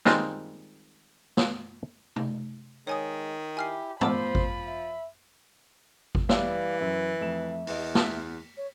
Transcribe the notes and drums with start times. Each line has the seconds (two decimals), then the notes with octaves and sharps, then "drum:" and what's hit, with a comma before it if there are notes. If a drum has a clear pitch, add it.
0.05 D#3 G3 G#3 C4 D#4 F4, drum: snare
1.37 drum: snare
2.16 drum: tom
2.87 D#3 G#3 C#5 G#5 D#6
3.57 E4 G4 G#5 F6 C7
4.01 F3 C5 A5 B5 D6 E6, drum: tom
4.35 drum: kick G#1
4.67 E5
6.15 drum: kick G#1
6.29 E3 G3 D5 E5 F5, drum: snare
6.81 F#2 E5
7.21 F2 A3 E7
7.67 E2 B3 D#5, drum: open hi-hat
7.95 F6 B6, drum: snare
8.57 C#5